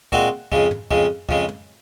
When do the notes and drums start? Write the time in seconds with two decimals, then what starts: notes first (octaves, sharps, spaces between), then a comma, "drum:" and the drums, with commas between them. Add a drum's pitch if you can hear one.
0.12 A#2 G#3 C4 F#4, drum: kick
0.52 F2 C#3 G#3, drum: kick
0.71 drum: tom
0.91 F2 C#3 G#3, drum: kick
1.29 F2 C#3 G#3, drum: kick
1.48 drum: tom